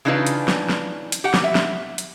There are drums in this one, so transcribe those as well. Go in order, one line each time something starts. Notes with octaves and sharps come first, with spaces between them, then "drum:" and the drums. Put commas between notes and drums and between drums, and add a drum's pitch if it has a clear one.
C#3 E3 D4 D#4 F4 B4
drum: hi-hat
drum: snare
drum: snare
drum: hi-hat
G4 F#5
drum: snare
E5
drum: snare
drum: hi-hat